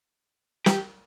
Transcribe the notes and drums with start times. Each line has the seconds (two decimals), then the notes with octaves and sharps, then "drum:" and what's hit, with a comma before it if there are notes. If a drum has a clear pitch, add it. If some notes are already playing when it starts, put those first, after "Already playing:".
0.66 G4, drum: snare